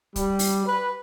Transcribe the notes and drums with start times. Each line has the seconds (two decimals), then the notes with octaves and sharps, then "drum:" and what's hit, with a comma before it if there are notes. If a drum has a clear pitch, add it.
0.16 G3, drum: kick, hi-hat
0.39 drum: open hi-hat
0.66 B4